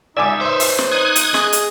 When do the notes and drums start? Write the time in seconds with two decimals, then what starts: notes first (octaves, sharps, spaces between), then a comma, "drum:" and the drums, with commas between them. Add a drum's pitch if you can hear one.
0.17 D#4 D5 E5 G#5 D6 E6
0.41 B4 C5
0.60 drum: open hi-hat
0.78 drum: snare
0.91 D#4 D#6 F#6 G#6
1.16 drum: hi-hat
1.34 G#4 D#5, drum: snare
1.53 drum: hi-hat